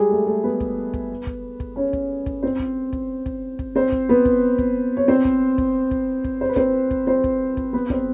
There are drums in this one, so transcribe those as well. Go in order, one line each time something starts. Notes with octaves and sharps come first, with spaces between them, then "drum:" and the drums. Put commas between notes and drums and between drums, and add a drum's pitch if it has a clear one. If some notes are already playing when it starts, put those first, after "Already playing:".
Already playing: G3 G#3 G4 G#4
A3 A4
A3 A4
B3 B4
drum: kick
drum: kick
drum: kick
drum: kick
C#4 C#5
drum: kick
drum: kick
C4 C5
drum: kick
drum: kick
drum: kick
drum: kick
C4 C5
drum: kick
B3 B4
drum: kick
drum: kick
C#5
C4 C5
drum: kick
drum: kick
drum: kick
drum: kick
C5
B4
C4 C5, drum: kick
drum: kick
C4 C5
drum: kick
drum: kick
B3 B4
C4 C5, drum: kick